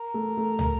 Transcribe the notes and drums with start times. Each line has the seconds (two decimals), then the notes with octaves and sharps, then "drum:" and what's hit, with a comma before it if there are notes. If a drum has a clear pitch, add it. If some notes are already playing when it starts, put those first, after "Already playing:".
Already playing: A#4
0.14 A3
0.37 A3
0.59 drum: tom